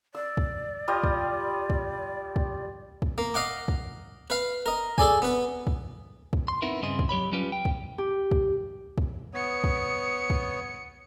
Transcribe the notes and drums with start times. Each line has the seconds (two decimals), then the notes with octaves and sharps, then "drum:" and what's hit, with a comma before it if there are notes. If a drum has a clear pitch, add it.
0.15 D5 E6
0.37 drum: kick
0.88 G3 F4 D#5
1.03 drum: kick
1.70 drum: kick
2.36 drum: kick
3.02 drum: kick
3.18 A#3
3.34 D#5 F5 F#5 D6
3.68 drum: kick
4.30 B4 F5
4.66 A#4 D#5
4.98 G#4 A4 D5 G#5, drum: kick
5.22 B3 B4
5.67 drum: kick
6.33 drum: kick
6.48 C6
6.62 B3 C4 D#4 E4 A#4
6.82 G2 C#3 C4 G#4 D#5 C6
6.99 drum: kick
7.09 F#3 G4 C#5 B5
7.32 F#3 G3 C#4 F4 G4 B4
7.52 G5
7.65 drum: kick
7.98 G4
8.31 drum: kick
8.98 drum: kick
9.34 B3 C#5 D#6 C#7
9.64 drum: kick
10.30 drum: kick